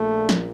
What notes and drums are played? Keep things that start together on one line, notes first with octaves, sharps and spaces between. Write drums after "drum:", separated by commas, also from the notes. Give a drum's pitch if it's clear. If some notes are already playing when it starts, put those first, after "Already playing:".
Already playing: A#1 A#2 A3
drum: snare